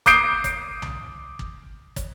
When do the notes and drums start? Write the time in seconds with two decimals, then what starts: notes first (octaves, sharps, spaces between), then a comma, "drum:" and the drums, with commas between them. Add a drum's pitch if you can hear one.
0.06 D6 D#6 G6 C7 D7, drum: kick, hi-hat
0.44 drum: kick, hi-hat
0.82 drum: tom C2
1.39 drum: kick
1.96 drum: kick, hi-hat